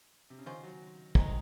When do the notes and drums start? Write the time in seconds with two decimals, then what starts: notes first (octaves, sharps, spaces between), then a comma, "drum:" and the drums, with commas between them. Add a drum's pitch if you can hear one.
0.30 C3
0.38 C#3
0.46 D#3 C#4 F4 C5
0.63 F#3
1.15 C3 D#3 G#3 D#4, drum: kick